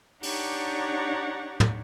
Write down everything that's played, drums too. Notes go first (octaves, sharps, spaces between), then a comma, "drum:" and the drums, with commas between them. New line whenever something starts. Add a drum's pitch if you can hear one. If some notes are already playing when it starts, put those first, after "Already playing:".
D4 D#4 G4 C#5 F#5, drum: open hi-hat
drum: tom